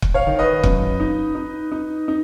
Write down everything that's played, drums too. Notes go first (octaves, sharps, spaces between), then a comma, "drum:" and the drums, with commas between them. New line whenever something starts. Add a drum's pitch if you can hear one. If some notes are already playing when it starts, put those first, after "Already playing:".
drum: kick
C#5 F5
D#3
B4 D#5
F#2, drum: kick
D#4
D#4
D#4
D#4